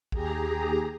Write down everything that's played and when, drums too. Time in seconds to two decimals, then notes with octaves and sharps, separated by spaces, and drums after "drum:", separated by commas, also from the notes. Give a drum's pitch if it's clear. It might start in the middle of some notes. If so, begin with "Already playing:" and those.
0.12 D#2 G4 G#4 A#5, drum: kick